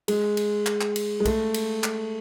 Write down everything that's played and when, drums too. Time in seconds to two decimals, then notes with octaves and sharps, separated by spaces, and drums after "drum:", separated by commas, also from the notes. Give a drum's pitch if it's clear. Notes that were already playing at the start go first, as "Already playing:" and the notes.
0.08 G#3, drum: cymbal
0.37 drum: cymbal
0.66 drum: clap
0.81 drum: clap
0.96 drum: cymbal
1.20 G#3
1.25 A3, drum: kick B1, cymbal
1.54 drum: cymbal
1.84 drum: clap